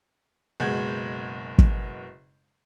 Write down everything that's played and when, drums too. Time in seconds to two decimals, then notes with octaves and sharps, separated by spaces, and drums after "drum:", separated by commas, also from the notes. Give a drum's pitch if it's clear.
0.60 F#1 B2 G#3 F#5 G6 G#6
1.58 drum: kick